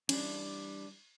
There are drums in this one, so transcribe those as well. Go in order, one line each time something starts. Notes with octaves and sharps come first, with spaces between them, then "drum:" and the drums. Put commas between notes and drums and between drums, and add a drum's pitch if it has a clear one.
E3 G3 C#4 D4, drum: cymbal